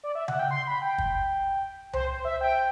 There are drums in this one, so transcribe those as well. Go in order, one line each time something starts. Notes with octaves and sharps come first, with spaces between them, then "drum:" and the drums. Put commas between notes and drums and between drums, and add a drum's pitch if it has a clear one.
D5
E5
F#5, drum: tom C#3
G5
C6
B5
G5
drum: kick
C5, drum: tom C2
C5
E5
G5